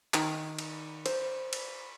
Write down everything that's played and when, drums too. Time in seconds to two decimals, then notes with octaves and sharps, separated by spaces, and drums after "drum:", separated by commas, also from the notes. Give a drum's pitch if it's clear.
0.14 D#3, drum: clap
0.59 drum: cymbal
1.06 C5, drum: cymbal
1.53 drum: cymbal